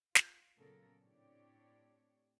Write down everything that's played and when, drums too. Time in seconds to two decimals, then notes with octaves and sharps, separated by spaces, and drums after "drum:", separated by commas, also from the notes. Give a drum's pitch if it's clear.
0.15 F4, drum: snare
0.58 A#2 C#3 F#3 B3 A4 A#4
1.02 A2 C4 D4 G4 C#5 D5